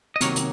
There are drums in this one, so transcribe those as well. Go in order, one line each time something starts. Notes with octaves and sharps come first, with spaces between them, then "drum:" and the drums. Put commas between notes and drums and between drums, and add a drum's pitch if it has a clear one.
D#5
C3 D#3 F#3 A#3 A#4 C#5, drum: hi-hat
drum: hi-hat